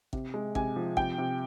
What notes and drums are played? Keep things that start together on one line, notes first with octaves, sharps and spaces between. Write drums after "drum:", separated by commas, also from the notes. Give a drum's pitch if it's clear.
C3, drum: kick
G#3
C3 G#5, drum: kick
F3
C3 G5, drum: kick
C3